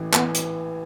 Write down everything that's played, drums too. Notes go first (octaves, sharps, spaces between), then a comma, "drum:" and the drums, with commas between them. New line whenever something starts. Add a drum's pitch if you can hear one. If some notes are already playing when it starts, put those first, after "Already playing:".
Already playing: A1 E3
E3 B3, drum: clap
drum: hi-hat